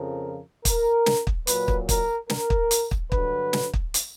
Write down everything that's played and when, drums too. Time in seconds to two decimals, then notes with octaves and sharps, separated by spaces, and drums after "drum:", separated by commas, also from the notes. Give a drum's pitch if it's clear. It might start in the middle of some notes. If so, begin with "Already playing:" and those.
Already playing: F2 C#3 F3 A#4
0.65 A#4, drum: kick, hi-hat
1.06 drum: snare
1.27 drum: kick
1.47 A#2 F#3 B4, drum: hi-hat
1.68 drum: kick
1.89 A#4, drum: kick, hi-hat
2.30 A#4, drum: snare
2.50 drum: kick
2.71 drum: hi-hat
2.91 drum: kick
3.12 G2 D3 F#3 B4, drum: kick
3.53 drum: snare
3.74 drum: kick
3.94 drum: hi-hat